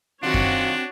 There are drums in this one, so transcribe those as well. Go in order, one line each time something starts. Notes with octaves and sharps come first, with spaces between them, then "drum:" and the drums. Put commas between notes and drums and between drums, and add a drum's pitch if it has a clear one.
D#3 F#3 C4 D4 F4 F#4 C#5
drum: kick F#2